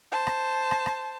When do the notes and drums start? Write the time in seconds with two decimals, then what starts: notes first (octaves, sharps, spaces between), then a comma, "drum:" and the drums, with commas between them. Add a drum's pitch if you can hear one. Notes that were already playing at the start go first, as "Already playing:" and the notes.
0.12 C5 A5
0.27 drum: rim click
0.71 drum: rim click
0.86 drum: rim click